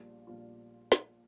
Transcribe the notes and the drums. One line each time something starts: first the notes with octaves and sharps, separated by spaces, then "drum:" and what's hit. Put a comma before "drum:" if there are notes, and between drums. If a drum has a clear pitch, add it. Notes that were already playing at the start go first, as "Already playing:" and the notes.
Already playing: A#1 A#2 G3 D4 F4
A#1 A#2 G3 D4 F4
drum: snare